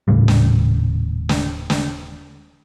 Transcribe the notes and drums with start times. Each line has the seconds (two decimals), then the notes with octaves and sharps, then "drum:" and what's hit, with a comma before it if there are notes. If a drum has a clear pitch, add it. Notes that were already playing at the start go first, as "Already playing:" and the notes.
0.08 D#1 A2 C#3 G3
0.28 drum: snare
1.29 drum: snare
1.70 drum: snare